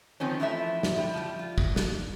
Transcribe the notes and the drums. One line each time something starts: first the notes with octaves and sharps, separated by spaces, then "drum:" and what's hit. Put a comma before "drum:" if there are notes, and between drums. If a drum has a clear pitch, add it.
D#3 F3 C4 C#4
E3 F3 A3 E5
drum: snare
G3
F3 G3
F4
drum: kick
drum: snare